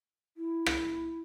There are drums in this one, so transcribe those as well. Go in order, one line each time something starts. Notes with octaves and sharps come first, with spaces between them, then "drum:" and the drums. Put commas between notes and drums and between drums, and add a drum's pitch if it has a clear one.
E4
drum: rim click